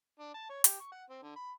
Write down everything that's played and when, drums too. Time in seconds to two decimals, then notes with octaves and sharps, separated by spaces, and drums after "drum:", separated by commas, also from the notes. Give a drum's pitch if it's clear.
0.20 D4
0.34 A5
0.50 C#5
0.64 G4, drum: hi-hat
0.80 C#6
0.92 F#5
1.10 C4
1.23 D3
1.36 B5